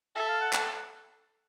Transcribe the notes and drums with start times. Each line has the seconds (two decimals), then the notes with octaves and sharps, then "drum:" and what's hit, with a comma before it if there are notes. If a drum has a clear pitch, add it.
0.15 A4 E5
0.28 F5
0.41 F#5
0.53 F#5, drum: clap